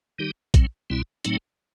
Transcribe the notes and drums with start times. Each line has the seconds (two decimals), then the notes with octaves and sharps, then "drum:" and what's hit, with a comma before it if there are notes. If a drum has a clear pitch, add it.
0.19 D#3 G3 D#4 G4
0.54 A2 F#3 C4, drum: kick, hi-hat
0.90 C2 B2 G3 C4 E4
1.25 A2 F#3 A3 C4 D#4, drum: hi-hat